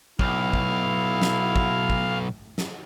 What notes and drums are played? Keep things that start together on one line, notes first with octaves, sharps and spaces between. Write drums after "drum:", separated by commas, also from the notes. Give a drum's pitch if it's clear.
B1 E4 F5, drum: kick
drum: kick
drum: snare
drum: kick
drum: kick
drum: snare